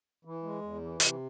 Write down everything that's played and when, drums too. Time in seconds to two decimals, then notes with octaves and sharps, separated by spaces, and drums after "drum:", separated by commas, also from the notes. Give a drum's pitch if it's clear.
0.25 E3
0.43 G#3
0.62 E2
0.81 E3
1.00 C3, drum: hi-hat